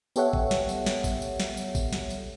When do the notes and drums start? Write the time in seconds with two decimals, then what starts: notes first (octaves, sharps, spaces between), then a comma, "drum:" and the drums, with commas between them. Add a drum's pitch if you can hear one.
0.16 B3 G4 A4 C#5 E5 F#5, drum: tambourine
0.33 drum: kick G#1
0.51 drum: snare
0.69 drum: tambourine
0.86 drum: snare
1.04 drum: kick G#1, tambourine
1.22 drum: tambourine
1.40 drum: snare
1.57 drum: tambourine
1.75 drum: kick G#1, tambourine
1.93 drum: snare
2.10 drum: tambourine